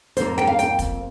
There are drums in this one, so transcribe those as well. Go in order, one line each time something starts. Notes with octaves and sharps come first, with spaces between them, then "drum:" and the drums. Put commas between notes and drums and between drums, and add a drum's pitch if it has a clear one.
F2 F3 A#3 C5, drum: hi-hat
G5, drum: snare
F5
G5, drum: hi-hat
drum: kick, hi-hat